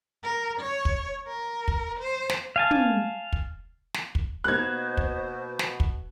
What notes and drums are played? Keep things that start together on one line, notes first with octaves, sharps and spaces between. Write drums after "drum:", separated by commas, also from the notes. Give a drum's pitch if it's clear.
A#4
C#5
drum: kick
A#4
drum: kick
C5
drum: snare
F5 G#5 A5
drum: tom
drum: kick
drum: snare
drum: kick
B2 A#3 B3 D#4 C5 F#6 G#6
drum: kick
drum: snare
drum: kick